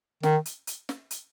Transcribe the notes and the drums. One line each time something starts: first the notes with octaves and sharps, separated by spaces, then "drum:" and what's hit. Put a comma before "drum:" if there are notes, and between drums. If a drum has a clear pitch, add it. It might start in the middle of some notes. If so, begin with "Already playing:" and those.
D#3, drum: snare
drum: hi-hat
drum: hi-hat
drum: snare
drum: hi-hat